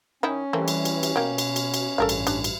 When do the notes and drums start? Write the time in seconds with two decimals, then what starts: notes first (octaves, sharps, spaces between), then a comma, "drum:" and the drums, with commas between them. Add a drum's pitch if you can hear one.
0.23 D#3 C#4 D#4 E4
0.53 E3 G3 A3 A#3 C4
0.68 drum: cymbal
0.85 drum: cymbal
1.03 drum: cymbal
1.16 B2 A#3 G5
1.38 drum: cymbal
1.56 drum: cymbal
1.74 drum: cymbal
1.98 A1 G2 A4 A#4 F5
2.09 drum: cymbal
2.27 D4, drum: cymbal
2.44 drum: cymbal